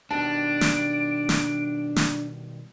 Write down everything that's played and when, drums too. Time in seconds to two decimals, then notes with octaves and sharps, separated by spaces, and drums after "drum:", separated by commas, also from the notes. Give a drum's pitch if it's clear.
0.11 B2 D#3 G3 D4 A5 D7
0.61 drum: snare
1.29 drum: snare
1.96 drum: snare